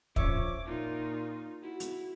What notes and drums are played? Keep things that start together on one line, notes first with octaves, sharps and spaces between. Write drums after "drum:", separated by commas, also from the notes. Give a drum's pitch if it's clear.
F3 C#4 C#5 E5 D6, drum: kick
A#2 D#4 F4
E4 F#4
drum: hi-hat